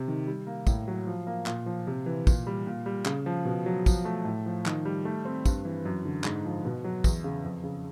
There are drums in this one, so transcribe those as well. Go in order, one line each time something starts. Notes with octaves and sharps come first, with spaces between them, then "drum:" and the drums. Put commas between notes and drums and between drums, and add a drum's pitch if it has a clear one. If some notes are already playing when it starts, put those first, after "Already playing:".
Already playing: C3
D#3
G3
A#3
A2, drum: kick, tambourine
F#3
F3
A#3
A#2, drum: clap
F3
C3
E3
A#2, drum: kick, tambourine
G3
A#2
G3
C#3, drum: clap
F3
B2
F#3
F3, drum: kick, tambourine
A3
A2
F3
D#3, drum: clap
G3
A3
C4
G2, drum: kick, tambourine
E3
F#2
D3
G#2, drum: clap
F3
B2
F#3
E2, drum: kick, tambourine
C#3
F2
C#3